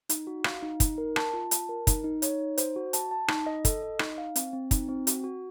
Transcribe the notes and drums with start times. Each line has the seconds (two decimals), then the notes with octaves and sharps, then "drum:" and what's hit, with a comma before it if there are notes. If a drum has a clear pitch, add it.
0.09 D#4, drum: hi-hat
0.27 F#4
0.44 F5, drum: rim click
0.62 D#4
0.80 D#4, drum: kick, hi-hat
0.98 A#4
1.16 A5, drum: rim click
1.34 F4
1.51 A5, drum: hi-hat
1.69 A#4
1.87 D#4, drum: kick, hi-hat
2.04 D#4
2.22 C#5, drum: hi-hat
2.40 D#4
2.58 C5, drum: hi-hat
2.76 F#4
2.93 A5, drum: hi-hat
3.11 A5
3.28 D#4, drum: rim click
3.47 D#5
3.65 A4, drum: kick, hi-hat
3.82 D#5
3.99 D#4, drum: rim click
4.18 F5
4.36 C4, drum: hi-hat
4.53 C4
4.71 D#4, drum: kick, hi-hat
4.89 C4
5.07 F#4, drum: hi-hat
5.24 F#4